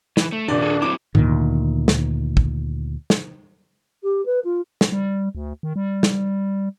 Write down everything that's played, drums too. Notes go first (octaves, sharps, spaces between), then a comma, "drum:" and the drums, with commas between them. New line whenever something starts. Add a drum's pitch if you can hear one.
E3, drum: snare
A3
D#1 C3 D4 D5
G#4 A4
F#3 C4 E4 D6
D2 A#2 D#3, drum: tom G#2
drum: snare
drum: kick
drum: snare
G4
B4
F4
drum: snare
G3
D2
D#3
G3
drum: snare